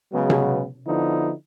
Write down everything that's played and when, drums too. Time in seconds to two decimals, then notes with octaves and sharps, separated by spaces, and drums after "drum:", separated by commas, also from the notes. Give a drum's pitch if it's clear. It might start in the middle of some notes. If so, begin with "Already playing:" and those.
0.12 C#3 F#3 G#3 B3
0.30 drum: tom C3
0.86 D3 F3 B3 D#4 E4